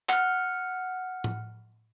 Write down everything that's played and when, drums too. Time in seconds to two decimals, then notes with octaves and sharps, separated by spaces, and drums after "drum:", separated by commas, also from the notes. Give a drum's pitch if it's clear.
0.09 F#5 F6, drum: clap
1.24 drum: tom